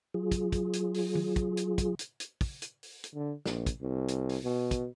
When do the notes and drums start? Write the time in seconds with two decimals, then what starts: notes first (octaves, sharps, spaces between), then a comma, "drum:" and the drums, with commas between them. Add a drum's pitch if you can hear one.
0.14 F#3 F4 G#4
0.31 drum: kick, hi-hat
0.52 drum: kick, hi-hat
0.73 drum: hi-hat
0.94 drum: open hi-hat
1.15 drum: tom
1.36 drum: kick, hi-hat
1.57 drum: hi-hat
1.78 drum: kick, hi-hat
1.99 drum: hi-hat
2.20 drum: hi-hat
2.41 drum: kick, open hi-hat
2.62 drum: hi-hat
2.83 drum: open hi-hat
3.04 drum: hi-hat
3.15 D3
3.46 A#1, drum: snare
3.66 drum: kick, hi-hat
3.82 C2
4.08 drum: hi-hat
4.29 drum: open hi-hat
4.44 B2
4.71 drum: kick, hi-hat